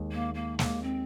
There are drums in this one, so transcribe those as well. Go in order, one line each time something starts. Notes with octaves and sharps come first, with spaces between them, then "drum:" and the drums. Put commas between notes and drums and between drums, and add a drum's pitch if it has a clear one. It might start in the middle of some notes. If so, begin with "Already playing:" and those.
Already playing: D#2 D#3 G#3
A#3
A#3
D#2 D#3 G#3 A#3, drum: snare
C4